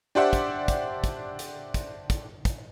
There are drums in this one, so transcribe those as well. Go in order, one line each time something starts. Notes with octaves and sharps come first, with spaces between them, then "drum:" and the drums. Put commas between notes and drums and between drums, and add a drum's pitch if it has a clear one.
D4 G4 C5 D5 E5 F#5
drum: kick, hi-hat
drum: kick, hi-hat
drum: kick, hi-hat
drum: hi-hat
drum: kick, hi-hat
drum: kick, hi-hat
drum: kick, hi-hat